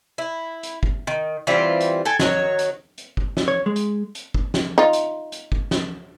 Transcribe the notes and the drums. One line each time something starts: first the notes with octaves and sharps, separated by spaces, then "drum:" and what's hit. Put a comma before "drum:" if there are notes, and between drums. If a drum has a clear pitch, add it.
E4
drum: hi-hat
drum: kick
D#3
E3 G3 C4 F4
drum: hi-hat
A4 G5 G#5
D#3 F#3 C#5, drum: snare
drum: hi-hat
drum: hi-hat
drum: kick
drum: snare
C#5
G#3
drum: hi-hat
drum: hi-hat
drum: kick
drum: snare
D#4 F4
drum: hi-hat
drum: hi-hat
drum: kick
drum: snare